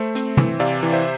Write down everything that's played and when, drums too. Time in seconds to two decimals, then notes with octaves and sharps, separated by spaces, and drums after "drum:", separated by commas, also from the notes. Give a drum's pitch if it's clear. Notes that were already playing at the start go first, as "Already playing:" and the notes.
Already playing: A3 C5 E5
0.15 C4, drum: hi-hat
0.37 E3, drum: tom
0.60 C3 D5 F5
0.83 E3
0.93 C5 E5